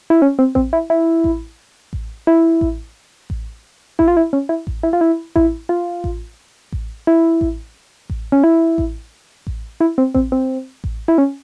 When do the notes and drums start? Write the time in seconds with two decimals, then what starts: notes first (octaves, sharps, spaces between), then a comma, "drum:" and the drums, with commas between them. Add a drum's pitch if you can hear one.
0.10 E4
0.22 C#4
0.39 C4
0.55 C4, drum: kick A1
0.73 E4
0.90 E4
1.24 drum: kick A1
1.93 drum: kick A1
2.27 E4
2.61 drum: kick A1
3.30 drum: kick A1
3.99 E4, drum: kick A1
4.08 F4
4.17 E4
4.33 C#4
4.49 E4
4.67 drum: kick A1
4.83 E4
4.93 F4
5.01 E4
5.36 E4, drum: kick A1
5.69 F4
6.04 drum: kick A1
6.72 drum: kick A1
7.07 E4
7.41 drum: kick A1
8.10 drum: kick A1
8.32 C#4
8.44 E4
8.78 drum: kick A1
9.47 drum: kick A1
9.81 E4
9.98 C4
10.15 C4, drum: kick A1
10.32 C4
10.84 drum: kick A1
11.08 E4
11.18 C#4